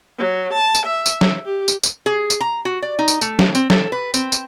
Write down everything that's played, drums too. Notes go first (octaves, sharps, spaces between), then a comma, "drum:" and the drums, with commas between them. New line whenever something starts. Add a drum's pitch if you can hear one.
F#3
A5
drum: tambourine
E5
drum: tambourine
drum: snare
G4
drum: tambourine
drum: tambourine
G#4
drum: tambourine
A#5
F#4
D5
D#4
drum: tambourine
A3, drum: tambourine
drum: snare
C4, drum: tambourine
A4, drum: snare
B4
C4, drum: tambourine
drum: tambourine